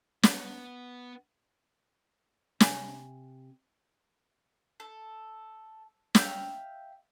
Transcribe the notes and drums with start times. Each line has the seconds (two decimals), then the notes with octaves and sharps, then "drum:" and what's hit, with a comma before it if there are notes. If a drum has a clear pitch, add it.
0.23 B3, drum: snare
2.60 C3 G#5, drum: snare
4.80 A4
6.15 E5 F5 G5 E6, drum: snare